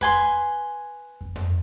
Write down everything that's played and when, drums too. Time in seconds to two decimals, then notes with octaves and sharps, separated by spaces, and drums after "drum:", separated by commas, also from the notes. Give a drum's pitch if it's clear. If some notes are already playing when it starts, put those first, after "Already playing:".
0.01 B4 G#5 C6, drum: kick F2
1.21 drum: kick F2
1.36 drum: tom F2